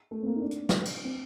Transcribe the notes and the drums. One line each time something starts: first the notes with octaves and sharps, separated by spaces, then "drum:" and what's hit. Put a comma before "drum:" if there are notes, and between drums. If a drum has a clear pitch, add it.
A3
C4
A#3
D#4
D4
drum: hi-hat
drum: snare
drum: cymbal
C4